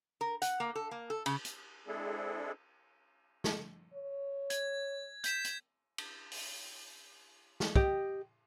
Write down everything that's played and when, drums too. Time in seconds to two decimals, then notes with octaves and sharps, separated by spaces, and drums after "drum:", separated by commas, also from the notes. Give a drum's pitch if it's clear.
0.21 A#4
0.42 F#5, drum: hi-hat
0.60 A#3
0.75 A4
0.91 A#3
1.10 A4
1.26 C#3, drum: cymbal
1.45 drum: hi-hat
1.87 G#3 C4 D4 E4 G#4 A4
3.44 drum: snare
3.94 C#5
4.50 G#6, drum: hi-hat
5.24 G6 B6 E7, drum: hi-hat
5.44 drum: hi-hat
5.98 drum: cymbal
6.32 drum: open hi-hat
7.60 drum: snare
7.76 G4 D#5, drum: kick